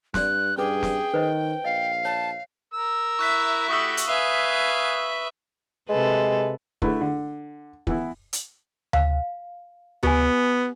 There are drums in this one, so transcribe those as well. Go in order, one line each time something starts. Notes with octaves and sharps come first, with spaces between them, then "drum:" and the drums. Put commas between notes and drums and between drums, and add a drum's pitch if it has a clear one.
G2 D5 C6 F#6, drum: snare
G2 C#4 G#4 B4 G5 D6
drum: snare
D#3 B4 C5 D#5
A#1 D#5 F5
C#5 A5
A#4 E6
E4 E5 C#6 F#6 B6
A3 F#4 G4 C#6 D#6 E6
drum: hi-hat
B4 E5 F5 G#5
C3 G#3 A4 B4
D3 A3 E4 B4, drum: kick
D3
E3 B3 E4, drum: kick
drum: hi-hat
F5, drum: tom D2
B3 G4 G#5, drum: tom D2